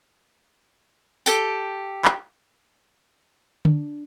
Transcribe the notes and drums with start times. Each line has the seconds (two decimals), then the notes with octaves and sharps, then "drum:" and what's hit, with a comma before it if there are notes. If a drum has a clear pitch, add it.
1.26 G4 A4 G5, drum: tambourine
2.05 drum: clap
3.65 D4, drum: tom D3